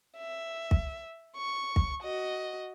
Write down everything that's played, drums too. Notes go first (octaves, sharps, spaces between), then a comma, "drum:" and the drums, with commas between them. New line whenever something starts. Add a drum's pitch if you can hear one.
E5
drum: kick
C#6
drum: kick
F#4 D#5